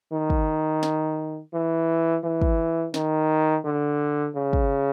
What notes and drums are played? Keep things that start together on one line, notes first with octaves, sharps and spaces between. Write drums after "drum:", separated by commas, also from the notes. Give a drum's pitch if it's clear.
D#3
drum: kick
drum: snare
E3
E3
drum: kick
D#3, drum: snare
D3
C#3
drum: kick